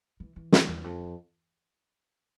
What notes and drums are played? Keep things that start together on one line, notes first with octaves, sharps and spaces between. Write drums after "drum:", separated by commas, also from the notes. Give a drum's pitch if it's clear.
E3
E3
F2, drum: snare
E2
F2